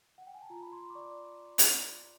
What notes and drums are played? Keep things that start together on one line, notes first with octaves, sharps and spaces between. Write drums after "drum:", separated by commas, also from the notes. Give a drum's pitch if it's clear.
F#5
G5
G#5
A5
F4 A#5
B5
C6
D6
D5 C#6
drum: hi-hat